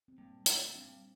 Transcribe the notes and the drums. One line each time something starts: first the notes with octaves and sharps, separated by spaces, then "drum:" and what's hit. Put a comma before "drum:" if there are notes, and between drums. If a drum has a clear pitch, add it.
C4
G2 A#3
D3 A3, drum: hi-hat
G2 C4